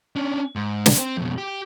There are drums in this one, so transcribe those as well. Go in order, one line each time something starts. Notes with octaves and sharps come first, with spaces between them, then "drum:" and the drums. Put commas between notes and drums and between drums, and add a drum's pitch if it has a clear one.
C#4 D4
G#2
drum: snare
C4
F2 B2
G4